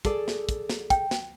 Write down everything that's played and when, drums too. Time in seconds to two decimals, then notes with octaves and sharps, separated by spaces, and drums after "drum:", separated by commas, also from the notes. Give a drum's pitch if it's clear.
0.05 G#4 A4 D5, drum: kick, hi-hat
0.28 drum: snare
0.49 drum: kick, hi-hat
0.70 drum: snare
0.90 G5, drum: kick, hi-hat
1.11 drum: snare